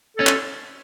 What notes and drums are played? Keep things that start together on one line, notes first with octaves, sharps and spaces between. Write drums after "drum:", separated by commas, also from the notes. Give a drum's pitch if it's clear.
C#4 A4
drum: clap